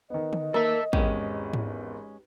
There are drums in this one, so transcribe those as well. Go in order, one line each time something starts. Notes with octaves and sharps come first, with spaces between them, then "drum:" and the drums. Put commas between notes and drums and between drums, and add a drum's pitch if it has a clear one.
D#3 B3 D#5
drum: tom D3
A#3 A4 E5
G#1 E2 G#3 C#4 G4, drum: kick
drum: tom G#2